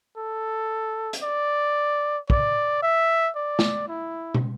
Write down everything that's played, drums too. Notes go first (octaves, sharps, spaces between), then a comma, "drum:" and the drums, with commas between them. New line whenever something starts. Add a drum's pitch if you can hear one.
A4
drum: hi-hat
D5
D5, drum: kick
E5
D5
drum: snare
E4
drum: tom